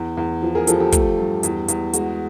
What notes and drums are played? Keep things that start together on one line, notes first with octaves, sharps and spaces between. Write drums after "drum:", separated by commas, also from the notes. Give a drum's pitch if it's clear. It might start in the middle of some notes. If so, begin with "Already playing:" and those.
Already playing: E2
E2
F3
G#4 A#4
F3 G4 A4, drum: hi-hat
G4 A4
A3, drum: kick, hi-hat
G2
E2, drum: hi-hat
E2, drum: hi-hat
G#3 F#4, drum: hi-hat